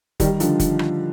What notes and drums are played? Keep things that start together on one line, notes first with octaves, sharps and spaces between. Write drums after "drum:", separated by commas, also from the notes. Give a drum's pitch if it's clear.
D#3 G3, drum: kick F1, hi-hat
D3 F3, drum: hi-hat
drum: kick F1, hi-hat
drum: rim click